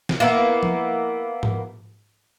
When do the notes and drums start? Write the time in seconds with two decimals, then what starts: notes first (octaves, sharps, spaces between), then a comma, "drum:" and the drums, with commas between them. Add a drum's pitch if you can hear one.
0.09 drum: snare
0.20 A#3 B3 E4
0.63 drum: tom F3
1.43 drum: tom G#2